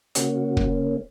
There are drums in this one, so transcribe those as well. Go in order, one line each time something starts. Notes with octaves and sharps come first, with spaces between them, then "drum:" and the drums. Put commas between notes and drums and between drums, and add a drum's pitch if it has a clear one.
C#3 A#3 C#4 F#4, drum: hi-hat
drum: kick